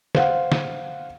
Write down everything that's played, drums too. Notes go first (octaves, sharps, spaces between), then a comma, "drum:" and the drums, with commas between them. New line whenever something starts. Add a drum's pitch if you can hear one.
C5 F5 F#5, drum: snare
drum: snare